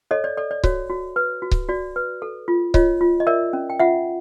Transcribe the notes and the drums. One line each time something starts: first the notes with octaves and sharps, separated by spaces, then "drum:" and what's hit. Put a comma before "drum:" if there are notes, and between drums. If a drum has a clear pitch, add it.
A4 C#5 D#5
D5
A4 D5
D5
F#4 C#5, drum: kick C#1
F#4
B4
F#4
drum: kick C#1
F#4 D5
B4
A4
F4
F4 C#5 D#5, drum: kick C#1
F4
D#5
A#4 D5 E5
C#4
G5
F4 E5 F#5